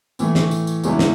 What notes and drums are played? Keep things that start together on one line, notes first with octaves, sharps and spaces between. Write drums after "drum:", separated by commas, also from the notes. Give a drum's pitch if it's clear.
A2 E3 A3, drum: tambourine
drum: snare
drum: tambourine
drum: tambourine
E2 C#3 G#3 C#4 E4, drum: tambourine
drum: snare